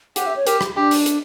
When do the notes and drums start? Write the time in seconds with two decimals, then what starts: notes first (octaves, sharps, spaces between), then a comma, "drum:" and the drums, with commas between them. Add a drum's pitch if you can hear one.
0.16 G4 F#5, drum: hi-hat
0.26 E5
0.37 C#5
0.47 G4 A#4, drum: hi-hat
0.61 G4, drum: rim click
0.76 D4 G4
0.91 drum: open hi-hat
1.06 drum: hi-hat